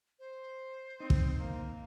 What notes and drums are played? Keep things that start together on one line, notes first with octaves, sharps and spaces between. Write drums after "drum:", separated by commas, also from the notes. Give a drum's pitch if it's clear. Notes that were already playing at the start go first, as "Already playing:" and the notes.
C5
C4 D#4
drum: kick
A#3